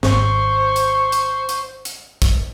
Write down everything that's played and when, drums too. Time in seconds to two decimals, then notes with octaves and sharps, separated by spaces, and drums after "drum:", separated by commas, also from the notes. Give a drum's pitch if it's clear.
0.03 G#1 C5 C#6, drum: snare
0.76 drum: hi-hat
1.12 drum: hi-hat
1.49 drum: hi-hat
1.85 drum: hi-hat
2.22 drum: kick, hi-hat